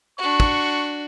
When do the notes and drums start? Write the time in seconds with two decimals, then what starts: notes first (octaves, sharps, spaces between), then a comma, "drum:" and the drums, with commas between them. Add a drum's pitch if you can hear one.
0.18 D4 F#4 C#6
0.40 drum: kick